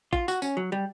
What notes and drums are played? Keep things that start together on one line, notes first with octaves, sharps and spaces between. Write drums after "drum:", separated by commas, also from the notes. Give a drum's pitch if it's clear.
F4, drum: kick A1
F#4, drum: tambourine
C#4, drum: tambourine
F#3
G3